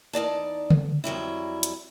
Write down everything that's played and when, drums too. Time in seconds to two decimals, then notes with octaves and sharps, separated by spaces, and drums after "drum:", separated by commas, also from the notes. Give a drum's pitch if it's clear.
0.13 E2 D#4 D5 A5
0.70 drum: tom C#3
1.04 F2 F#3 G3 E4
1.63 drum: hi-hat